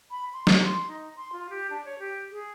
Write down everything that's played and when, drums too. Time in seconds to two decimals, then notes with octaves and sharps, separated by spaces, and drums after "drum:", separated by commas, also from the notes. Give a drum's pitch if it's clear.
0.11 B5
0.33 C6
0.47 A#4, drum: snare
0.64 C6
0.88 D#4
1.16 C6
1.33 F4
1.50 G4
1.70 D4
1.85 C#5
1.99 G4
2.31 G#4